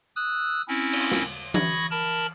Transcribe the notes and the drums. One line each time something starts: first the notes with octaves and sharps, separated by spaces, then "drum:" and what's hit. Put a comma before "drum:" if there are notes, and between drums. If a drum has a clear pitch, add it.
D#6 E6 F#6
C4 C#4 E4
drum: cymbal
drum: snare
B5 C#6 D#6 G#6 A#6, drum: tom E3
A#4 A5 B5